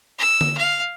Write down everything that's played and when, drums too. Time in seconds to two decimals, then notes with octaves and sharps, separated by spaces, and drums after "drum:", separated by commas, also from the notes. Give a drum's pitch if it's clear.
0.19 E6
0.41 drum: tom D3
0.58 F5